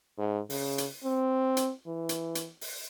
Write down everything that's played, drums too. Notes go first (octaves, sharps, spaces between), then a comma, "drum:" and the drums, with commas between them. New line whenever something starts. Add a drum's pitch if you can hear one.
G#2
C#3, drum: open hi-hat
drum: hi-hat
C4
drum: hi-hat
E3
drum: hi-hat
drum: hi-hat
drum: open hi-hat